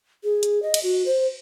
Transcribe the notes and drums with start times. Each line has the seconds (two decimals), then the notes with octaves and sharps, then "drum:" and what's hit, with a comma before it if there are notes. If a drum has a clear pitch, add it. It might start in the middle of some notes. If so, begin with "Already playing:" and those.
0.24 G#4
0.43 drum: hi-hat
0.62 D#5
0.74 drum: cymbal
0.83 F#4
1.06 C5